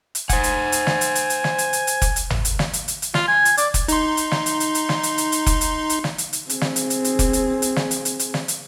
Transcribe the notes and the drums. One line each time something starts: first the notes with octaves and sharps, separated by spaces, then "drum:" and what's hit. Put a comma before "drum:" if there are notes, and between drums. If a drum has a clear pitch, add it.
drum: hi-hat
C5 F#5 G#5, drum: kick F1, hi-hat
drum: hi-hat
drum: hi-hat
drum: snare
drum: hi-hat
drum: hi-hat
drum: hi-hat
drum: snare
drum: hi-hat
drum: hi-hat
drum: hi-hat
drum: kick F1, hi-hat
drum: hi-hat
drum: tom
drum: hi-hat
drum: snare
drum: hi-hat
drum: hi-hat
drum: hi-hat
F4, drum: snare
G#5
drum: hi-hat
D5, drum: hi-hat
drum: kick F1, hi-hat
D#4 C6, drum: hi-hat
drum: hi-hat
drum: snare
drum: hi-hat
drum: hi-hat
drum: hi-hat
drum: snare
drum: hi-hat
drum: hi-hat
drum: hi-hat
drum: kick F1, hi-hat
drum: hi-hat
drum: hi-hat
drum: snare
drum: hi-hat
drum: hi-hat
C4 G#4, drum: hi-hat
drum: snare
drum: hi-hat
drum: hi-hat
drum: hi-hat
drum: kick F1, hi-hat
drum: hi-hat
drum: hi-hat
drum: snare
drum: hi-hat
drum: hi-hat
drum: hi-hat
drum: snare
drum: hi-hat